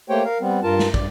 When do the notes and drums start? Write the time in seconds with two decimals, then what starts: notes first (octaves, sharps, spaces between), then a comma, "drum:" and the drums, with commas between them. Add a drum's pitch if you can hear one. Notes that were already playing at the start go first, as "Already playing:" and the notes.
0.10 A3 A#3 G4 C5 C#5 G5
0.25 A#4 F5
0.40 G3 B3 C4
0.63 G2 F4 A#4 A5
0.79 drum: snare
0.94 G2 D5, drum: kick